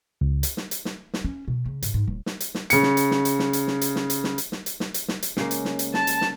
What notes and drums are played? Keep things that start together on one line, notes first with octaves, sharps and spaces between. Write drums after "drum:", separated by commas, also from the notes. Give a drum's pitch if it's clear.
C#2
drum: hi-hat
drum: snare
drum: hi-hat
drum: snare
drum: snare
C#4
B2
C#3
G#2, drum: hi-hat
G#2
D#1
drum: snare
drum: hi-hat
drum: snare
C#3 C#7, drum: hi-hat
drum: snare
drum: hi-hat
drum: snare
drum: hi-hat
drum: snare
drum: hi-hat
drum: snare
drum: hi-hat
drum: snare
drum: hi-hat
drum: snare
drum: hi-hat
drum: snare
drum: hi-hat
drum: snare
drum: hi-hat
drum: snare
drum: hi-hat
C#3 G#3 A#3, drum: snare
drum: hi-hat
drum: snare
drum: hi-hat
A5, drum: snare
drum: hi-hat
drum: snare